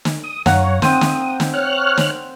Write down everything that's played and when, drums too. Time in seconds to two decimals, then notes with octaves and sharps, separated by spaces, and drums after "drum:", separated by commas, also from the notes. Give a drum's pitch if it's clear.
0.05 drum: snare
0.24 D#6
0.46 F#2 C#5 F5 F#5 A#5, drum: snare
0.82 C4 C5 D#6, drum: snare
1.01 drum: snare
1.40 drum: snare
1.54 C#5 F6 F#6
1.97 drum: snare